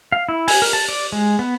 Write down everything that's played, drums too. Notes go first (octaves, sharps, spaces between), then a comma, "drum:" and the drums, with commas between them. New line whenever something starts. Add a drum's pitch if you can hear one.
F5
E4
G#5, drum: open hi-hat
A#4
A5
D5
G#3
B3